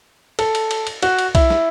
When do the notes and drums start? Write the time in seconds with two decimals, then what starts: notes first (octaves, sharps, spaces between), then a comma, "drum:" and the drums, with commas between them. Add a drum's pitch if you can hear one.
0.39 A4, drum: cymbal
0.55 drum: cymbal
0.71 drum: cymbal
0.87 drum: cymbal
1.03 F#4, drum: cymbal
1.19 drum: cymbal
1.35 E4, drum: kick B1, cymbal
1.50 drum: snare